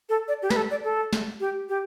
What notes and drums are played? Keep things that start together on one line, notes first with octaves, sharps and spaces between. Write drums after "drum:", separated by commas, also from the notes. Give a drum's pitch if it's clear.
A4
D5
G4
B4, drum: snare
A4
D5
A4
drum: snare
G4
G4